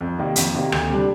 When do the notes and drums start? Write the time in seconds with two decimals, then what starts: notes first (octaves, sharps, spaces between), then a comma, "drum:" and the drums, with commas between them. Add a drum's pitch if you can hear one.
0.01 F2
0.19 C3 D#3 A#3
0.36 F2, drum: hi-hat
0.54 C3 D#3 A#3
0.72 D2, drum: rim click
0.90 C3 G3 D4